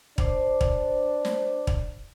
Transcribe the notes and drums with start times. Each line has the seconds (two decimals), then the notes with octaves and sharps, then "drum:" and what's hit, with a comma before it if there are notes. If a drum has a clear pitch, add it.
0.18 D4 C5 D6, drum: kick
0.61 drum: kick
1.25 drum: snare
1.67 drum: kick